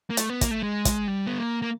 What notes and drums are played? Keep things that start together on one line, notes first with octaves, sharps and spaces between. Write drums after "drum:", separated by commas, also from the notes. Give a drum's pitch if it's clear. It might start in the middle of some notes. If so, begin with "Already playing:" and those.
A#3
A3, drum: hi-hat
B3
A#3, drum: kick, hi-hat
A3
G#3
drum: kick, hi-hat
G3
B3
A#3
A#3